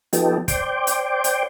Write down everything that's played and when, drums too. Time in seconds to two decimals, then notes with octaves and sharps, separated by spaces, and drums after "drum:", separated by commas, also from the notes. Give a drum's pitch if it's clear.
0.13 F3 B3 D#4 G4 A4, drum: hi-hat
0.48 C5 D5 G5, drum: kick, hi-hat
0.87 drum: hi-hat
1.24 drum: hi-hat